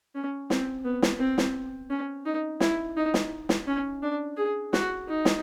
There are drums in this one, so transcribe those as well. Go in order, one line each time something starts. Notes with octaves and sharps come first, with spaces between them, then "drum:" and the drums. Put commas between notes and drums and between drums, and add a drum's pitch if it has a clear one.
C#4
C4, drum: snare
B3
drum: snare
C4
drum: snare
C#4
D#4
E4, drum: snare
D#4
drum: snare
drum: snare
C#4
D4
G#4
F#4, drum: snare
D#4
drum: snare